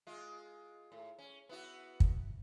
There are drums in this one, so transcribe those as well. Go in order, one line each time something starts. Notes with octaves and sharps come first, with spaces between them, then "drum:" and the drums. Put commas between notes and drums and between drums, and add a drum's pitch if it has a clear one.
G#3 F4
A2
C#4
B3 E4 F#4
drum: kick